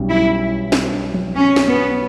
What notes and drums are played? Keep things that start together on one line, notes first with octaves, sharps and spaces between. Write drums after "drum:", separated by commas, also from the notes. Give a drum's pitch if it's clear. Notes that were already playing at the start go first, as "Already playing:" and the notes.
Already playing: B1 B2 G3 C#4
E4
drum: snare
drum: tom F3
C#4
drum: snare
B3